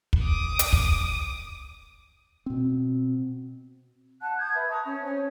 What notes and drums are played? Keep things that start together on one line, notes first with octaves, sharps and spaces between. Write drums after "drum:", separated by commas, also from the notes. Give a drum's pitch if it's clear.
drum: kick
D6 D#6
drum: hi-hat
drum: kick
B2 C4
F#5 A5 F#6
D#6 G6 G#6
B4 E5
A5 A#5 C#6 D#6
C#4
C#4 C5 C#5